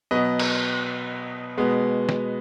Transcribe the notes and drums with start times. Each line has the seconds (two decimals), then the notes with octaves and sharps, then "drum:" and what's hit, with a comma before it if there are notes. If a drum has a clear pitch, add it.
0.11 B2 F#3 B3 B4 D#5
0.39 drum: cymbal
1.57 B2 G#3 B3
2.09 drum: snare